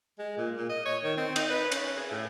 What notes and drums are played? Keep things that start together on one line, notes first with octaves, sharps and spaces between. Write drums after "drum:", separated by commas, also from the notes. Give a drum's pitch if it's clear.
G#3
A#2
A#2
D#5
C#5
D#3
C4
D#4, drum: cymbal
B4
C#4, drum: cymbal
G#4
A2